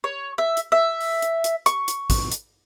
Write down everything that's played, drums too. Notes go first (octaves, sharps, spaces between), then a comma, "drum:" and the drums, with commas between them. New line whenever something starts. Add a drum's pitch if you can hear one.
C#5
E5
drum: hi-hat
E5
drum: open hi-hat
drum: hi-hat
drum: hi-hat
C#6, drum: hi-hat
drum: hi-hat
drum: kick A1, hi-hat
drum: hi-hat